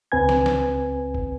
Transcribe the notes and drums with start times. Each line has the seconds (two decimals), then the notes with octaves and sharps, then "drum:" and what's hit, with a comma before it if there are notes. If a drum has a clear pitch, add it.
0.12 C#2 C4 B4 G#5 G#6
0.29 drum: snare
0.46 drum: snare
1.14 drum: kick G1